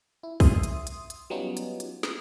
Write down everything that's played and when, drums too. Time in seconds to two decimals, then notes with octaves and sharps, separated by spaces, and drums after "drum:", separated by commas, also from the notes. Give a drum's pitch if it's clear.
0.23 E4
0.40 E5 C6 D#6, drum: kick A#1, open hi-hat
0.63 drum: hi-hat
0.87 drum: hi-hat
1.10 drum: hi-hat
1.30 F#3 G3 B3 C#4 D#4 F4
1.57 drum: hi-hat
1.80 drum: hi-hat
2.03 drum: snare